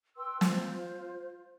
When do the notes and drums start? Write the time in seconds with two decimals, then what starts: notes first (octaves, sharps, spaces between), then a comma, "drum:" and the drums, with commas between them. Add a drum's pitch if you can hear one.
0.17 B4 G5 C6 E6
0.41 F4 C5, drum: snare